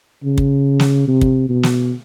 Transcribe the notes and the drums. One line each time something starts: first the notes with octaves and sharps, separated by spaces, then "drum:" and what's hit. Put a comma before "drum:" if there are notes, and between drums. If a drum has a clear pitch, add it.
C#3
drum: kick
drum: snare
C3
drum: kick
B2
drum: snare